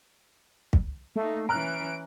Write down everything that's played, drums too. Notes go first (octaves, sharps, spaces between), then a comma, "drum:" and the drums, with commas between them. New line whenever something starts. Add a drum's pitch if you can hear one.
drum: kick
A3 A#3 D#4
E3 C#4 A#5 F6 F#6 D7